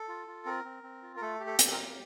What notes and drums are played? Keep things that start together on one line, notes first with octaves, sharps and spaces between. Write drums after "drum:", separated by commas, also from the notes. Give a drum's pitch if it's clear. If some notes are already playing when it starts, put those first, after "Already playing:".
Already playing: A4
F4
F4
C4 A#4
C4
C4
F4
A#4
A3 A4
G4
A4
C4, drum: hi-hat
A#4
G4